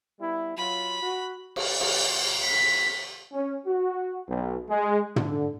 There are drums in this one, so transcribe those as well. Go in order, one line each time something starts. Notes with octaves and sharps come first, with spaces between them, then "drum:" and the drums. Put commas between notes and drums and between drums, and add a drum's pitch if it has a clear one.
G3 B3 E4
F#3 F4 B5
F#4
drum: cymbal
drum: cymbal
B6
C#4
F#4
B1
G#3
D3, drum: tom